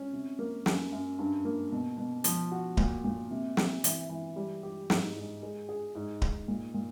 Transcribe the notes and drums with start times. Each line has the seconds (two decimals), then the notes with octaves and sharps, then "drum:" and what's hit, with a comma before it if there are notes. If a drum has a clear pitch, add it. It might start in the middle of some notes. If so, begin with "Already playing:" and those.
Already playing: C#4
0.13 C3
0.39 A#3
0.66 F#2, drum: snare
0.92 F#2
1.18 G2
1.45 A#3
1.72 B2
1.98 B2
2.24 F3, drum: hi-hat
2.52 F#4
2.77 A#2, drum: kick D1
3.04 A#2
3.31 C3
3.57 C3, drum: snare
3.84 E3, drum: hi-hat
4.10 E3
4.36 G3
4.63 G4
4.90 G#2, drum: snare
5.16 G#2
5.43 G#3
5.69 G#4
5.95 G#2
6.22 G#2, drum: kick D1
6.48 A#2
6.74 A#2